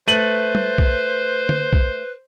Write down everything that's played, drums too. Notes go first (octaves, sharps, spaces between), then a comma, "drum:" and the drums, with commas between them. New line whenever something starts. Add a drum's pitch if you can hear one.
A3 B4 C5 D#7 F#7
drum: tom
drum: kick
drum: tom D3
drum: kick